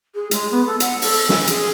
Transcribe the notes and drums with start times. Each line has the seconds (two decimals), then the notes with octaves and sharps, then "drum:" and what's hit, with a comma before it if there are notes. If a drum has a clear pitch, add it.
0.14 G#4
0.31 G#3, drum: hi-hat
0.51 B3
0.66 A4
0.80 F#5, drum: hi-hat
1.02 A4, drum: open hi-hat
1.29 G#5, drum: snare
1.47 G#4, drum: hi-hat